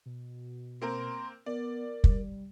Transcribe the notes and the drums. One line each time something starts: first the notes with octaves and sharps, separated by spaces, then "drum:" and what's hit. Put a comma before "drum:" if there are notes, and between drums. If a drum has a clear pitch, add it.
B2
A#3 C4 A#4 C6
B3 A#4 D5
G3, drum: kick